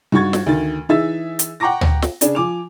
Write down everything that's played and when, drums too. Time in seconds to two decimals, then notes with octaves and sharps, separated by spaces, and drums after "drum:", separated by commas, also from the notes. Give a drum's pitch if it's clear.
0.12 G2 D#4 F#4 C#6 G#6 A6
0.33 drum: snare
0.46 D2 D#3 D#4 A6
0.89 E3 D#4 G#4 E5 E6 A6
1.39 drum: hi-hat
1.60 F#5 G5 A#5 C#6 D6 A#6
1.81 drum: tom
2.02 drum: snare
2.21 C#3 D4 G#4, drum: hi-hat
2.35 F3 G#5 D6 F7